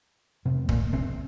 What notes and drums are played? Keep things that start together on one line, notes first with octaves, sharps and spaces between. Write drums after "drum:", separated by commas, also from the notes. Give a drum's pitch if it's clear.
F2 C3
A#2 A#3, drum: kick
C3 C4